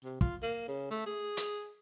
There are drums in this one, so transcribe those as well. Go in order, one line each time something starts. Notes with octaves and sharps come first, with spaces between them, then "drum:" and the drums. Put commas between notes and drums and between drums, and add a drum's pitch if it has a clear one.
C3
F4, drum: kick
A#3
C#3
A3
G#4
drum: hi-hat